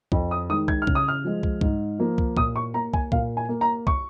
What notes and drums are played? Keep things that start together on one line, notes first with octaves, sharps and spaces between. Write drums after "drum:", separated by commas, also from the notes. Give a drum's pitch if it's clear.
F2, drum: kick
D#6
D#3 G#3 D#6
G#6, drum: kick
F6
C#3, drum: kick
D#6
F6
F3 G#3
drum: kick
G#2, drum: kick
F3 A#3
drum: kick
A#2 D#6, drum: kick
C#6
A#3 A#5
G#5, drum: kick
A#2 F5, drum: kick
G#5
A#3
A#5
C#6, drum: kick